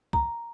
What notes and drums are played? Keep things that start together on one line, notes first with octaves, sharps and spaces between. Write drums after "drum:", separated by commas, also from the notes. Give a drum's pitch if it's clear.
A#5, drum: kick